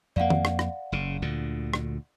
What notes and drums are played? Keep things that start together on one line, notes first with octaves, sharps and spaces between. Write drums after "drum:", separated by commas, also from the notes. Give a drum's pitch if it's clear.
F2 A#3 D5 F5 F#5
drum: tom D#3
drum: rim click
drum: rim click
F#1 C#3
D2 A#2 D3
drum: rim click